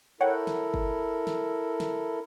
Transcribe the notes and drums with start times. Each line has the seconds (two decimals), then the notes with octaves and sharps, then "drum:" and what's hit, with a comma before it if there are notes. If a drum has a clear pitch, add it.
0.21 E4 A4 A#4 C#5 F#5 G5
0.47 drum: snare
0.74 drum: kick
1.27 drum: snare
1.80 drum: snare